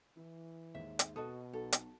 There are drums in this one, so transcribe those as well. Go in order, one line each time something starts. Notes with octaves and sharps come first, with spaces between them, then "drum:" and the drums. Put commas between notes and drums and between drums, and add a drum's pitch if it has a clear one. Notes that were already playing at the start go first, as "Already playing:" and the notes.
E3 E4
D#2 G#2 E5
drum: hi-hat
B2 F#4 A4 D#5 A5 D#6
B1 F#4 A4
drum: hi-hat